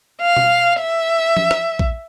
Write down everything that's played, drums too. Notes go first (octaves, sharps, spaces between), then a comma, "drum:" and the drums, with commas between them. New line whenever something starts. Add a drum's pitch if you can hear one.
F5
drum: tom B2
E5
drum: tom F3
drum: rim click
drum: kick A#1